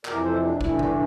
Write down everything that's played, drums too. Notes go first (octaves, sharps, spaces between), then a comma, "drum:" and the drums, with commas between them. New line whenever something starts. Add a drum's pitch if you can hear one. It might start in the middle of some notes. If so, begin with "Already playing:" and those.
F2 C3 E3 A#4 D5, drum: clap
A4 C5
D4
G2 E3 A3 E4, drum: kick G1
D4, drum: tom C3